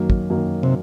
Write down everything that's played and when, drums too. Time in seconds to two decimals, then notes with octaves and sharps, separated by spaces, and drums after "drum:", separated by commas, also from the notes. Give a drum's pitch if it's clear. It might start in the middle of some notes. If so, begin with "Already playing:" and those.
Already playing: F#2 D#3 F#3 A#3
0.10 drum: kick
0.30 F#2 D#3 F#3 A#3
0.63 C3